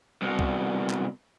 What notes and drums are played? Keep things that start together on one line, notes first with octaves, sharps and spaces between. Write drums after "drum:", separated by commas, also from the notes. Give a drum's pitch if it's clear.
C2 B2
drum: kick C2
drum: clap